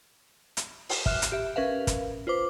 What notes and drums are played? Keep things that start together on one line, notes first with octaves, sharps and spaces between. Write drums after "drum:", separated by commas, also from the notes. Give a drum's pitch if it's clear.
drum: hi-hat
drum: open hi-hat
E5 F6 F#6 E7, drum: kick
drum: hi-hat
G4 E5
C#4 A#4 B4 E5 F5
drum: kick, hi-hat
F4 B4 C5 D6